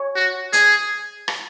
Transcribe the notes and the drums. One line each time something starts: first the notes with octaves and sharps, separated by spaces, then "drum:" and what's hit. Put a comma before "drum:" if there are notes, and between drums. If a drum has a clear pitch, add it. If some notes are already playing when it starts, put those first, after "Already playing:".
Already playing: C#5
F#4
G#4, drum: hi-hat
drum: rim click